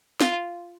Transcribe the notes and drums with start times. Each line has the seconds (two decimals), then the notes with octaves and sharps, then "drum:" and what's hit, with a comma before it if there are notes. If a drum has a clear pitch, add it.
0.21 F4, drum: snare